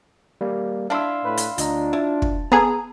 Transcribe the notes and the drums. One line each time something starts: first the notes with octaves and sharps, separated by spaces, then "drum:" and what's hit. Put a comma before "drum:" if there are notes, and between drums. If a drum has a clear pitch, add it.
G3 A#3
D4 E4 F5 C6 E6
A2 B4
drum: hi-hat
D2 D4 F4 D#5 A#5, drum: hi-hat
E4 A5
drum: kick
B3 G#4 A4 A#5